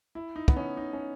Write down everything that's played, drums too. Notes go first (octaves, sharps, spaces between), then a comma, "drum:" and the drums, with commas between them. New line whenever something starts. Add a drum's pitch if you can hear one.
E4
D#4
B3, drum: kick
C#4
D#4
C#4